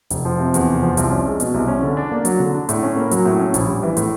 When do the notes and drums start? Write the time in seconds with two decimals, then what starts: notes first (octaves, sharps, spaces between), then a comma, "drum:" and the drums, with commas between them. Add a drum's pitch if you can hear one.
0.10 F1, drum: hi-hat
0.25 F3
0.39 C3
0.54 E2, drum: hi-hat
0.68 F1
0.82 F3
0.97 C2, drum: hi-hat
1.11 C#4
1.25 G#3
1.40 B2, drum: hi-hat
1.54 C2
1.68 C#4
1.82 D3
1.97 D4
2.12 A#3
2.25 F#3, drum: hi-hat
2.40 D3
2.54 D4
2.69 A2, drum: hi-hat
2.83 C#4
2.96 A#3
3.11 F#3, drum: hi-hat
3.26 A2
3.40 C#4
3.54 A#1, drum: hi-hat
3.68 G3
3.83 E3
3.97 A2, drum: hi-hat